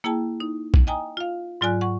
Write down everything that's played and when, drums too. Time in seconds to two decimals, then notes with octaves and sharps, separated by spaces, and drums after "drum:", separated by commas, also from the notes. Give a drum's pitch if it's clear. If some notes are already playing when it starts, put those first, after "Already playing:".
0.04 A#3 E4 G#4 G5 A5
0.40 D#4
0.74 drum: kick
0.87 D#5 G5 G#5 A#5 D#6
1.17 F4 F5
1.61 G#2 F#3 F4 D5 G#5 F#6
1.81 F#5 C#6